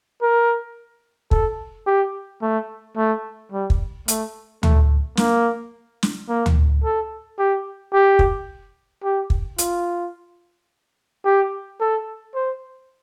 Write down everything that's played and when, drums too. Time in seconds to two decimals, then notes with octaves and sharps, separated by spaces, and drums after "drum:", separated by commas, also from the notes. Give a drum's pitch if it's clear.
0.22 A#4
1.31 A4, drum: kick
1.87 G4
2.42 A3
2.97 A3
3.52 G3
3.70 drum: kick
4.08 A3, drum: hi-hat
4.63 A3, drum: tom D2
5.17 A#3, drum: snare
6.03 drum: snare
6.29 A#3
6.46 drum: tom D2
6.84 A4
7.39 G4
7.93 G4
8.19 drum: kick
9.04 G4
9.30 drum: kick
9.58 F4, drum: hi-hat
11.25 G4
11.80 A4
12.35 C5